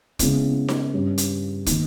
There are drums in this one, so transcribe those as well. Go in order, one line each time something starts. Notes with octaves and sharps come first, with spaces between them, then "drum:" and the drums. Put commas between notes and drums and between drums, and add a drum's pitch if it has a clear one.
C#3 G#3 B3 E4, drum: kick, hi-hat
drum: snare D#4
G2 G3 C#4
drum: hi-hat
D#3 A#3 D#4, drum: kick, hi-hat